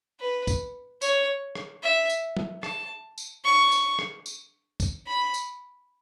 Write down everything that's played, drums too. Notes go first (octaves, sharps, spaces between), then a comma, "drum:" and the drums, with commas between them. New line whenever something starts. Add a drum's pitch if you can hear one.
B4
drum: kick, tambourine
C#5, drum: tambourine
drum: rim click
E5
drum: tambourine
drum: tom F#3
A5, drum: rim click
drum: tambourine
C#6
drum: tambourine
drum: rim click
drum: tambourine
drum: kick, tambourine
B5
drum: tambourine